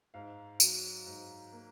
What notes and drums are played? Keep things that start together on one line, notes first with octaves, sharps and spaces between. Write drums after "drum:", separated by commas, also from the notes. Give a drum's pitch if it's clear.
G#2 F5
F#3, drum: tambourine
G#2
A#3